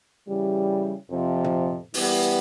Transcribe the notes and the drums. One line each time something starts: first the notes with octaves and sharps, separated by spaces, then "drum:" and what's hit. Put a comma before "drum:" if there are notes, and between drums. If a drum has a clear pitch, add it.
C#3 E3 G3
F2 C3 F3
drum: tom
E3 G3 B3, drum: open hi-hat